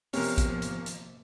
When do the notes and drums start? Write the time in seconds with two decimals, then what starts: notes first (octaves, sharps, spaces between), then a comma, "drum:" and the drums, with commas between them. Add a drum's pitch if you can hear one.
0.13 C3 F3 A#3 B3 C#4 A#4, drum: open hi-hat
0.38 drum: kick A1, hi-hat
0.62 drum: hi-hat
0.86 drum: hi-hat